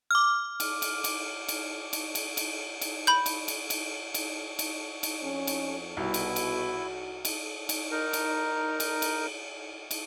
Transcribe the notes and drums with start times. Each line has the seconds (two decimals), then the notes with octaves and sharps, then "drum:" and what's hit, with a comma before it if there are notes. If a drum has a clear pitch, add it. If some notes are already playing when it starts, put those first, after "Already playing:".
0.11 D6 F6
0.60 drum: cymbal
0.82 drum: cymbal
1.04 drum: cymbal
1.49 drum: cymbal
1.93 drum: cymbal
2.15 drum: cymbal
2.37 drum: cymbal
2.81 drum: cymbal
3.07 B5 G6
3.26 drum: cymbal
3.48 drum: cymbal
3.70 drum: cymbal
4.14 drum: cymbal
4.59 drum: cymbal
5.03 drum: cymbal
5.23 F2 C#4
5.47 drum: cymbal
5.97 C2 B2 E4 F#4
6.14 drum: cymbal
6.36 drum: cymbal
7.25 drum: cymbal
7.69 drum: cymbal
7.91 D#4 A#4
8.13 drum: cymbal
8.80 drum: cymbal
9.02 drum: cymbal
9.91 drum: cymbal